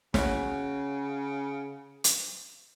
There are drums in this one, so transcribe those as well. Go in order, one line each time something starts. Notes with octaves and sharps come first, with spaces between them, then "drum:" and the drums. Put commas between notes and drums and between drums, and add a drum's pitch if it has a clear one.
C#3 C#4 F#4, drum: snare
drum: hi-hat